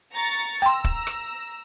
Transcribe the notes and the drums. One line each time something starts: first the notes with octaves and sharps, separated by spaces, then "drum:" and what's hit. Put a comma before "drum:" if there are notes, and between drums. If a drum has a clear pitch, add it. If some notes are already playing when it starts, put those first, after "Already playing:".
A#5 C#6 A6
G5 A#5 C6 E6
drum: kick
drum: rim click